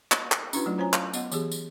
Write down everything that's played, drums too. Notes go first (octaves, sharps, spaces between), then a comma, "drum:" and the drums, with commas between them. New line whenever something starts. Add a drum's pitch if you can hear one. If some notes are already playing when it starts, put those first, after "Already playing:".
drum: clap
drum: clap
C#4 D4 E4 F#4 B4, drum: tambourine
F#3 A3 F4 D5
C#4 F4 C5 C#5 G#5 A#5
F5, drum: clap
B3 D#5 F#5, drum: tambourine
E3 B3 G4 G#4, drum: tambourine
drum: tambourine